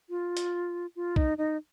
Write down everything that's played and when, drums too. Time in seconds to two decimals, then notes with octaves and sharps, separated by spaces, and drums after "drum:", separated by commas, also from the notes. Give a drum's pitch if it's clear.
0.10 F4
0.37 drum: hi-hat
0.96 F4
1.16 D#4, drum: kick B1
1.38 D#4